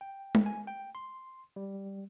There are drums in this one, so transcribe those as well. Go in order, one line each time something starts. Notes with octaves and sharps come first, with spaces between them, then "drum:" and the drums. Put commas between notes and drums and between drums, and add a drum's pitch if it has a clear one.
G5
drum: tom G#3
G#5
G5
C6
G3